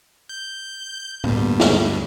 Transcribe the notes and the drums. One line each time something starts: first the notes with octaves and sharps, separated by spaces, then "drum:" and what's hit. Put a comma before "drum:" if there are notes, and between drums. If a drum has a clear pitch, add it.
G6
D2 G2 A#3 B3, drum: tom A2
drum: snare